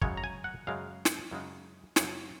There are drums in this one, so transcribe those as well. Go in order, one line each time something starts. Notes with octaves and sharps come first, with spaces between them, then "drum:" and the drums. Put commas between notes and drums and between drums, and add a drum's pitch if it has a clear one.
F#2 C#3 G#3 C#5, drum: kick
A#5
G#5
F#5
F#2 C#3 G#3 F5
drum: snare
F#2 C#3 G#3
F#2 C#3 G#3 C#5, drum: snare